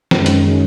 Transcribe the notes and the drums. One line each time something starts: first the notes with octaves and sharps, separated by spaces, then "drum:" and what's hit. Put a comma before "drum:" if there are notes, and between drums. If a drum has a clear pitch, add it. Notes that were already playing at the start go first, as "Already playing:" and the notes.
F#2 D#3 G#3 C#4, drum: snare
drum: hi-hat